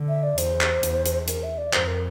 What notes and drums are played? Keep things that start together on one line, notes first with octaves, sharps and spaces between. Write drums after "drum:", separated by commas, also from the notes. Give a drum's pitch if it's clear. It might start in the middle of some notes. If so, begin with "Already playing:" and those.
Already playing: D3
E5
D5
E2 C5, drum: hi-hat
drum: clap
E2, drum: hi-hat
drum: hi-hat
A#4, drum: hi-hat
E5
D5
F2 C5, drum: clap
A#4